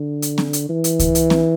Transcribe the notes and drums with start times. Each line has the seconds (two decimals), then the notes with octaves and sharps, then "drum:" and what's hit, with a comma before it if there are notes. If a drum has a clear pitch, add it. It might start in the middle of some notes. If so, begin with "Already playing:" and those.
Already playing: D3
0.22 drum: hi-hat
0.38 drum: snare C4
0.53 drum: hi-hat
0.69 E3
0.84 drum: hi-hat
0.99 drum: kick C#2, hi-hat
1.15 drum: hi-hat
1.30 drum: snare C4